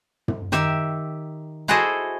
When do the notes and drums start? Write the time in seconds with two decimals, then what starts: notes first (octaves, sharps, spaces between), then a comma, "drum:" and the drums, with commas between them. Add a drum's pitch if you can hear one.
0.28 drum: tom
0.52 D#3 G4 E5, drum: snare
1.68 E4 F#4 G#4 A4 C5 D#5